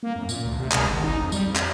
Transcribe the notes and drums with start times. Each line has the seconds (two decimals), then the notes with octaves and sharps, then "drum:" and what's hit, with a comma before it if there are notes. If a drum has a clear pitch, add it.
0.03 A#3
0.16 F#2
0.29 A#2, drum: tambourine
0.45 D2
0.58 C3
0.72 C#2, drum: clap
0.88 G#1
1.04 D#4
1.18 F2
1.32 G3, drum: tambourine
1.46 F2
1.56 drum: clap